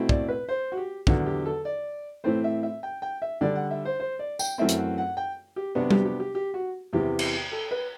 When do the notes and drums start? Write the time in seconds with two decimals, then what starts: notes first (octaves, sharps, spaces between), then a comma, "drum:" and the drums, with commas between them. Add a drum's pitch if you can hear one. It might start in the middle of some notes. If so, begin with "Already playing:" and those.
Already playing: B2 A3 C4 E4
0.09 D5, drum: kick
0.28 B4
0.49 C5
0.72 F#4
0.77 G4
1.07 E2 D3 F#3 F#4, drum: kick
1.26 G4
1.46 A4
1.65 D5
2.24 A2 E3 A3 C4 C5
2.44 E5
2.63 E5
2.83 G5
3.02 G5
3.22 E5
3.41 D3 G3 D4 D5
3.55 F#5
3.71 E5
3.85 C5
4.00 C5
4.19 D5
4.39 G5, drum: tambourine
4.58 F#2 E3 A3 C4 E5
4.69 drum: hi-hat
4.78 F#5
4.98 F#5
5.17 G5
5.56 G4
5.75 C3 F#3 B3 D4 F#4
5.91 G4, drum: tom G3
6.05 G4
6.20 G4
6.35 G4
6.54 F#4
6.93 E2 C3 E3 G4
7.19 drum: cymbal
7.52 A4
7.71 B4